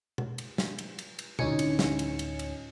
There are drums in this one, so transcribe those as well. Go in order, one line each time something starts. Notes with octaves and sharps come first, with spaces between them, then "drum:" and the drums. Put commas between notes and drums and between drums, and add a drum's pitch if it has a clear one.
drum: tom B2
drum: cymbal
drum: snare
drum: cymbal
drum: cymbal
drum: cymbal
D2 A2 C#4 D#4 G#5 C#7, drum: tom B2
drum: cymbal
drum: snare
drum: cymbal
drum: cymbal
drum: cymbal